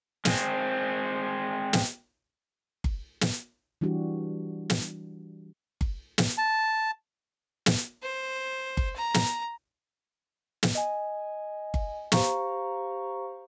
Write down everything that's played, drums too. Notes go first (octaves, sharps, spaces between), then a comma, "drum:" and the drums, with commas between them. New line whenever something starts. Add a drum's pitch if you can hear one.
G#3 C4, drum: snare
drum: snare
drum: kick G1
drum: snare
E3 G3 D4 F#4 G4
drum: snare
drum: kick G1
drum: snare
A5
drum: snare
C5
drum: kick G1
A#5
drum: snare
drum: snare
D#5 G#5
drum: kick G1
G4 C5 F5 A#5 C#6, drum: snare